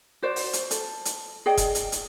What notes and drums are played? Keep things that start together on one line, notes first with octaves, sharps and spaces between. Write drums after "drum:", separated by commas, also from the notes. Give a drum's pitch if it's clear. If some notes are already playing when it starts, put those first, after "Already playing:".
F#4 C5 D5
drum: open hi-hat
drum: hi-hat
A4, drum: hi-hat
drum: hi-hat
G#4 D5 D#5 G5
drum: kick E1, hi-hat
drum: hi-hat
drum: hi-hat